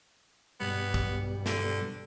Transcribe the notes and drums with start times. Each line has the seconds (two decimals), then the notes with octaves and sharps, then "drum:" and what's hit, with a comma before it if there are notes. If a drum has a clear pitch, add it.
0.60 G2 B2 G3 B3
0.94 drum: kick
1.46 D3, drum: snare